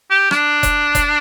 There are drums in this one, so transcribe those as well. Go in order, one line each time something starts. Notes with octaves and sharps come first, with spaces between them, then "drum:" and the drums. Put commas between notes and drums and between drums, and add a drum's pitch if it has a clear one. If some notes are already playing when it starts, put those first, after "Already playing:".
G4
D4, drum: rim click
drum: kick F1, hi-hat
drum: kick F1, hi-hat